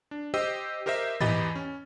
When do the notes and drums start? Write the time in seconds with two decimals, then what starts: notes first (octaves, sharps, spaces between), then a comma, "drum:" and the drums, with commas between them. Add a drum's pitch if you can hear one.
0.11 D4
0.34 G4 C5 D#5 G5 E6
0.86 G4 A#4 C5 D#5 E5
1.21 E2 E3 G4 D#5 B5 A6, drum: tom G#2
1.55 C#4